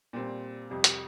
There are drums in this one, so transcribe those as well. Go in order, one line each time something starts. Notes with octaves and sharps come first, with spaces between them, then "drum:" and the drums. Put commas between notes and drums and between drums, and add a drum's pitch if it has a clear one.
A#2 G3 C4
F2 C3 G3
drum: hi-hat